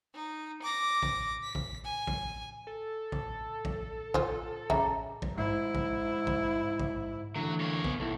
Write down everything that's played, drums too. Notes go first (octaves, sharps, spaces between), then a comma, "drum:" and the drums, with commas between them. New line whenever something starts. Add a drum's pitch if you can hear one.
D#4
D6 A#6
drum: kick A1
B6
drum: kick A1
G#5
drum: kick A1
A4
drum: kick A1
drum: kick A1
F4 C5, drum: kick A1
C#3 G#4 D#5 E5 A#5, drum: kick A1
drum: kick A1
G#2 E4
drum: kick A1
drum: kick A1
drum: kick A1
D3 E3 F#3 A3
A#3 C#5
B3, drum: kick A1
B1 E4 A4